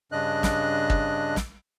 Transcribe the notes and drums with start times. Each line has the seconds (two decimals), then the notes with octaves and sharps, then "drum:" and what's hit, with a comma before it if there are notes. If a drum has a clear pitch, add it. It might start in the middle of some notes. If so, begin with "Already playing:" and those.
0.12 G2 C#3 D4 D#5 F#6
0.43 drum: snare
0.90 drum: kick
1.36 drum: snare